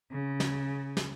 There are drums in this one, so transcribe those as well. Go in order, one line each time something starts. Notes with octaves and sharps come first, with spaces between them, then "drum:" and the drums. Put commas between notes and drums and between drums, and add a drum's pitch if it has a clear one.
C#3
drum: snare
drum: snare